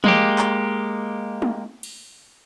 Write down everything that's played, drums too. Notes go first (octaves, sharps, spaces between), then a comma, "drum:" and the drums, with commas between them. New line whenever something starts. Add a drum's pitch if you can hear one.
G#3 A#3 G4, drum: tom
drum: clap
drum: tom
drum: cymbal